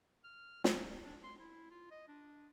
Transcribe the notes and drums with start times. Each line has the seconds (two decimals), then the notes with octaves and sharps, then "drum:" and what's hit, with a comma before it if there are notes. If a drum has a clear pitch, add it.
0.24 F6
0.64 F#3, drum: snare
1.02 D4
1.23 C6
1.39 E4
1.71 F4
1.91 D#5
2.08 D4